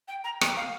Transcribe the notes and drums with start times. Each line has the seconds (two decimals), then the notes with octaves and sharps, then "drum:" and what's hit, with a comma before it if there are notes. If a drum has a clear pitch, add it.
0.08 G5
0.24 A#5
0.41 G5, drum: rim click
0.57 F5